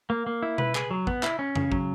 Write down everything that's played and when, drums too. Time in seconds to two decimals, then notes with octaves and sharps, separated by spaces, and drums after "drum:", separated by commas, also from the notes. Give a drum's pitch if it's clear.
0.10 A#3
0.27 A#3
0.43 E4
0.58 B4, drum: tom B2
0.75 G#4, drum: clap
0.91 F#3
1.07 B3, drum: kick
1.23 E4, drum: clap
1.39 C#4
1.56 C#3, drum: tom F2
1.72 F#3, drum: kick